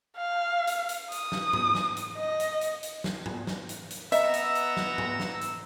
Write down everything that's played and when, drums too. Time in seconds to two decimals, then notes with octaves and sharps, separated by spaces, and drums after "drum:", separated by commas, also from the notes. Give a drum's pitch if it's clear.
0.17 F5
0.67 drum: hi-hat
0.89 drum: hi-hat
1.12 D#6, drum: hi-hat
1.32 drum: snare
1.53 drum: tom
1.75 drum: snare
1.97 drum: hi-hat
2.17 D#5
2.40 drum: hi-hat
2.61 drum: hi-hat
2.83 drum: hi-hat
3.04 drum: snare
3.26 drum: tom
3.47 drum: snare
3.69 drum: hi-hat
3.90 drum: hi-hat
4.12 B3 D#5 E5 A#5 E6, drum: hi-hat
4.34 drum: hi-hat
4.55 drum: hi-hat
4.77 drum: snare
4.98 drum: tom
5.20 drum: snare
5.41 drum: hi-hat